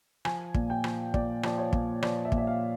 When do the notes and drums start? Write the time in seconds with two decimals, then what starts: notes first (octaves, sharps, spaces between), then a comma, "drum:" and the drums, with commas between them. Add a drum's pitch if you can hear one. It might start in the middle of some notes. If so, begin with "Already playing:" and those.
0.25 F3 G#5, drum: rim click
0.54 A#2, drum: kick
0.70 G5
0.84 F3, drum: rim click
1.14 A#2 D5, drum: kick
1.43 F3 D5, drum: rim click
1.58 C#5
1.73 A#2, drum: kick
2.03 F3 D5, drum: rim click
2.25 E5
2.32 A#2, drum: kick
2.38 E5
2.47 F5